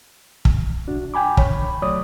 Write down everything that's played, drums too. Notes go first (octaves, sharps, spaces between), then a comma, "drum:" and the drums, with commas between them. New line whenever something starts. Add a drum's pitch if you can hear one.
drum: kick
D4 F#4
G5 G#5 B5 D6
D3 C#5 B5, drum: kick
F#3 A3 C#5 D5 D#6